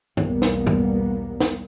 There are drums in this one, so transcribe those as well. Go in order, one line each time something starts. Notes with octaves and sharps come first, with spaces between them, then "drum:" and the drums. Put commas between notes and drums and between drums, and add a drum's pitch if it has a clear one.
B1 E2 G3 A#3 B3, drum: tom G2
drum: snare
drum: tom G2
drum: snare